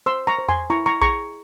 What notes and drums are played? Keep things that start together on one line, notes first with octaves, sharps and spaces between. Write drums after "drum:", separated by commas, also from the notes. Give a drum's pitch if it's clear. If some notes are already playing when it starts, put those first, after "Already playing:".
C5 C6 E6
A#5 C#6
C5
G#5 C6, drum: tom E2
E4 A#5 C#6
A#5 C#6
G#4 A#5 C#6, drum: kick A#1